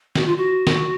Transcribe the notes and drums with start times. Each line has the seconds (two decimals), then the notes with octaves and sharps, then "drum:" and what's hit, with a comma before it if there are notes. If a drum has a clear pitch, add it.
0.16 F#4, drum: snare
0.25 F4
0.36 F#4
0.67 drum: snare